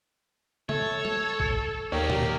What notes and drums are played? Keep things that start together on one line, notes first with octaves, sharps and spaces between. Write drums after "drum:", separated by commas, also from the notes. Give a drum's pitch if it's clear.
A3 A4 C#5, drum: tom C#3
drum: tom
drum: kick
D#2 A#3 G4 G#4 A#4 C#5 D5
drum: tom